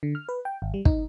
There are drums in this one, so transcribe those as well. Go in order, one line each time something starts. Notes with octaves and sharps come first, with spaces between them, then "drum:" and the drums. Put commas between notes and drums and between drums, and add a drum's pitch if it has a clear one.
D3
F6
B4
G5
G#1
G3
D#4, drum: kick